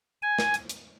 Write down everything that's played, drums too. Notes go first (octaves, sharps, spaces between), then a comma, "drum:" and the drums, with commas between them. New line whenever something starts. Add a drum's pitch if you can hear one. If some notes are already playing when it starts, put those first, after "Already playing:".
G#5
drum: snare
drum: hi-hat
drum: hi-hat